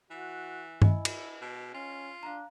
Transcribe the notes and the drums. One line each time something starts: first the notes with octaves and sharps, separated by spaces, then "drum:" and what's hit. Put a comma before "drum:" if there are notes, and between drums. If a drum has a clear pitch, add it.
E3 F#4
E4 D#5 G#5, drum: tom G2
drum: cymbal
B2
C#4 F4
D4 F5 A#5